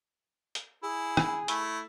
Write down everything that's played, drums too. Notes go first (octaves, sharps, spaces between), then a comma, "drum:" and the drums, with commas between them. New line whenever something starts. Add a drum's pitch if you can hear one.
drum: hi-hat
E4 G#4
drum: rim click
A3 E4, drum: hi-hat